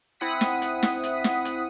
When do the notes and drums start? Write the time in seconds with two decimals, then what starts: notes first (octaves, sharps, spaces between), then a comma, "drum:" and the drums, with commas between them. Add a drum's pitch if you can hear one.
0.20 C4 E4 F#5 D#6 B6
0.41 drum: snare
0.62 drum: hi-hat
0.83 drum: snare
1.03 drum: hi-hat
1.24 drum: snare
1.45 drum: hi-hat